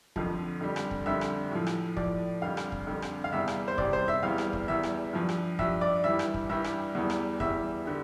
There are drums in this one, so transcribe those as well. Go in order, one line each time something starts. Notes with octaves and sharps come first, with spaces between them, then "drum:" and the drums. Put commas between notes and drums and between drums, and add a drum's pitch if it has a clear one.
F2 D3 F3, drum: kick
F2 D3 G3
drum: rim click
drum: kick
F2 D3 G3 E5
drum: rim click
A2 F3
drum: rim click
A2 F3 D5, drum: kick
F2 D3 G3 F5
drum: rim click
drum: kick
F2 D3 G3
drum: rim click
F5
E2 C3 G3 E5
drum: rim click
C5
E2 C3 G3 D5, drum: kick
C5
E5
E2 E3 G3 F5
drum: rim click
drum: kick
E2 E3 G3 E5
drum: rim click
G2 F3
drum: rim click
G2 F3 E5, drum: kick
D5
G2 E3 G3 E5
drum: rim click
drum: kick
G2 E3 G3 E5
drum: rim click
E2 E3 G3
drum: rim click
E2 E3 G3 E5, drum: kick
D3 G3